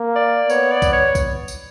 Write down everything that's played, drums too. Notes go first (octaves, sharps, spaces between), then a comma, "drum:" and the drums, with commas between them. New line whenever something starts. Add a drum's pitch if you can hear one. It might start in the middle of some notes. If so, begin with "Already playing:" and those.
Already playing: A#3
D5
B3 C#5, drum: tambourine
D5
drum: kick, tambourine
C#5
drum: kick, tambourine
drum: tambourine